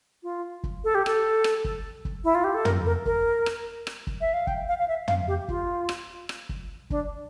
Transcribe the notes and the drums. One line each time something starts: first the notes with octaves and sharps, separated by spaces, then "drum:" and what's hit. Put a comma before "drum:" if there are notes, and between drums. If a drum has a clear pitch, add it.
F4
drum: kick
A4
G4
A4, drum: rim click
drum: rim click
drum: kick
drum: kick
E4
F4
G4
A4
A#4, drum: tom
A#4
A#4, drum: kick
drum: rim click
drum: rim click
drum: kick
E5
F5
G5, drum: kick
F5
F5
E5
F5, drum: tom
G4
F4, drum: kick
drum: rim click
drum: rim click
drum: kick
D4, drum: kick